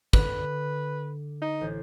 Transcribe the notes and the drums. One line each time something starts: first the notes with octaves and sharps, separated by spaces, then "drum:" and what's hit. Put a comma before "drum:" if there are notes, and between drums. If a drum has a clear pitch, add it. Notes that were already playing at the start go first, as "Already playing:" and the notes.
D3 B4, drum: kick
D#4
A1 C5